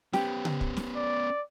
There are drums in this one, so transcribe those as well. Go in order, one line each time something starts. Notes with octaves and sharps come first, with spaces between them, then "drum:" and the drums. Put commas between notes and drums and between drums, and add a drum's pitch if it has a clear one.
B3 C#4 G4, drum: snare
drum: tom C#3
drum: kick
drum: snare
D5